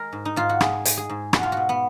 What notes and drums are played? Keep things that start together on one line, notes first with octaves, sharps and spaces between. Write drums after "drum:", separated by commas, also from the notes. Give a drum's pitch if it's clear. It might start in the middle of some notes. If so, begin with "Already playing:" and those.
Already playing: G#3 A#4
G#2
D#4
G#2 F4
F#4
G#3 G#4, drum: rim click
G#3, drum: hi-hat
G#4
G#2
G#3 F#4, drum: rim click
F4
B2 F#4
B3